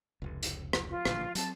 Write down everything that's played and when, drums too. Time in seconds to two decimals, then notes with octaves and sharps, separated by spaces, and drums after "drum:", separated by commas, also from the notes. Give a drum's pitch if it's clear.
0.22 F1 C#2
0.43 drum: hi-hat
0.73 drum: rim click
0.89 F4
1.05 A1 A#2 D3, drum: rim click
1.35 F#3 C4 A5, drum: hi-hat